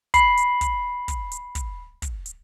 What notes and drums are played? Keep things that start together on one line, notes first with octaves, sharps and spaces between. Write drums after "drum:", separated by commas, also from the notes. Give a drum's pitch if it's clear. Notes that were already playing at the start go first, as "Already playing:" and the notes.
B5 C7, drum: kick, hi-hat
drum: hi-hat
drum: kick, hi-hat
drum: kick, hi-hat
drum: hi-hat
drum: kick, hi-hat
drum: kick, hi-hat
drum: hi-hat